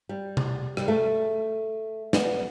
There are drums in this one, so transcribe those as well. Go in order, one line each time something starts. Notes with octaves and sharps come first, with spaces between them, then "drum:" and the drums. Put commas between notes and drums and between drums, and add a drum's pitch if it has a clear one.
G3
drum: tom C3
G3, drum: rim click
A3
B3, drum: snare